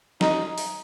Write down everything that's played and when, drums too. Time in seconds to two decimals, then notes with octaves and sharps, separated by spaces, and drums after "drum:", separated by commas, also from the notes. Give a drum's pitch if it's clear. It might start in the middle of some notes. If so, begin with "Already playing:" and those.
0.21 D#4, drum: snare
0.58 drum: open hi-hat